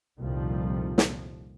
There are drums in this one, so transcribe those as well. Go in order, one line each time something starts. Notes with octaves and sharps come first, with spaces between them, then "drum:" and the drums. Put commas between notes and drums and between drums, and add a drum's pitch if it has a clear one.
C2 F2 A#2 D#3 F3 G3
drum: snare